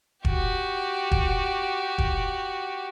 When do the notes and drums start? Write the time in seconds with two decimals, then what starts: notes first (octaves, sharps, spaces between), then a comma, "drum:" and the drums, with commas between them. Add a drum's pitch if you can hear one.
0.25 F#4 G4, drum: kick E1
1.12 drum: kick E1
1.98 drum: kick E1